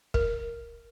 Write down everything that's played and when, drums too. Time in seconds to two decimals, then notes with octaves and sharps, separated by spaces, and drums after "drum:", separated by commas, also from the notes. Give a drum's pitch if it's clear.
0.14 A#4, drum: kick